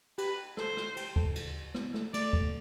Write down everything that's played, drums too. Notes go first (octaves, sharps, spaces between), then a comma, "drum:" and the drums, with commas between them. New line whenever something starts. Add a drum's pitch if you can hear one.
G4 B4, drum: cymbal
A4 C5, drum: rim click
drum: rim click
G4, drum: cymbal
A4, drum: kick D2
drum: cymbal
B3, drum: rim click
A3, drum: rim click
A3 D5, drum: cymbal
drum: kick D2